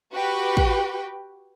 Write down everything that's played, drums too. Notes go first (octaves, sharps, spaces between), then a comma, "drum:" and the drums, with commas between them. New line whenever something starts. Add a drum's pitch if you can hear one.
F#4 G4 B4 G5
drum: kick